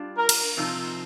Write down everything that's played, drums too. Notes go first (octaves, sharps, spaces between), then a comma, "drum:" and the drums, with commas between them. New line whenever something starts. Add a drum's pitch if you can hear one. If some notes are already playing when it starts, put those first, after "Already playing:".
Already playing: G3 D4 F4
A#4
drum: cymbal
C3 F3 C4 D#4